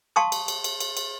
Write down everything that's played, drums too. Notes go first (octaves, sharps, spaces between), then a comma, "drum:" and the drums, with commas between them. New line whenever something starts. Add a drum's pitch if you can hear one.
F5 A5 C6 C#6 D#6
drum: cymbal
drum: cymbal
drum: cymbal
drum: cymbal
drum: cymbal